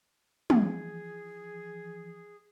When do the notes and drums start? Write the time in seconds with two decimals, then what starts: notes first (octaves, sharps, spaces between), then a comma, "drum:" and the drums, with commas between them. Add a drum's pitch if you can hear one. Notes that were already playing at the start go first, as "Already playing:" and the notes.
0.50 E3 F3 G#4, drum: tom